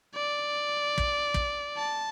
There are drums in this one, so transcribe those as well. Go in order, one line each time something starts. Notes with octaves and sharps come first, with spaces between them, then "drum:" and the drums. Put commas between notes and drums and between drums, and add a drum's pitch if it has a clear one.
D5
drum: kick
drum: kick
A5